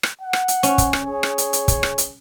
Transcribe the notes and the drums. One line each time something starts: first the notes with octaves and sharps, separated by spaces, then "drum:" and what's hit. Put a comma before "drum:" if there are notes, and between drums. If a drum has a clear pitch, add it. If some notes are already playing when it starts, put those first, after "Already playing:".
drum: rim click
F#5
drum: rim click
drum: hi-hat
C#4, drum: hi-hat
drum: kick, hi-hat
drum: rim click
G#4 C#5
drum: rim click
drum: hi-hat
drum: hi-hat
drum: kick, hi-hat
drum: rim click
drum: hi-hat